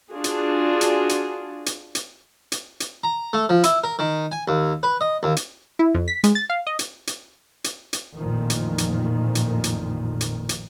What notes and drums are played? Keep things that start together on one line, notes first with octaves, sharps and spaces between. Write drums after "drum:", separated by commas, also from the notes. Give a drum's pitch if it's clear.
D4 F4 F#4 G#4
drum: hi-hat
drum: hi-hat
drum: hi-hat
drum: hi-hat
drum: hi-hat
drum: hi-hat
drum: hi-hat
A#5
A3
F3
E4, drum: hi-hat
A#4
D#3
G#5
D#2
B4
D#5
D#2
drum: hi-hat
E4
F2
B6
G#3, drum: hi-hat
A6
F5
D#5
drum: hi-hat
drum: hi-hat
drum: hi-hat
drum: hi-hat
A1 F2 A#2 D#3 F3
drum: hi-hat
drum: hi-hat
drum: hi-hat
drum: hi-hat
drum: hi-hat
drum: hi-hat